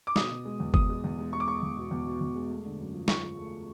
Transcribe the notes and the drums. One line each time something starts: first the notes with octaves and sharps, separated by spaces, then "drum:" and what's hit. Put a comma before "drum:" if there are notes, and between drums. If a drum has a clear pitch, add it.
D6
B2 D#6, drum: snare
B2
G#3
E2
E2 D#6, drum: kick F#1
G#3
E2
G#3
G#3 C#6
D6
G#3 C#6
E2
B2
E2
B2
E2
G#3
A3
D3
F#2
F3
F3 C#6, drum: snare
F3
A3